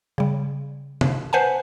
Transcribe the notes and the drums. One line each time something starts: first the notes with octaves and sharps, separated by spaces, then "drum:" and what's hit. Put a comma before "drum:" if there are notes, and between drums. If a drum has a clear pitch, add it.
C#3 G3
drum: tom C3
B4 C5 F#5 G#5 A5